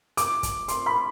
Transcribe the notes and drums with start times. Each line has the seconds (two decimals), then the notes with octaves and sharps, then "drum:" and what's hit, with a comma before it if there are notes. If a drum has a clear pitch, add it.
0.17 D6, drum: hi-hat
0.43 drum: kick, hi-hat
0.68 C6, drum: hi-hat
0.86 B5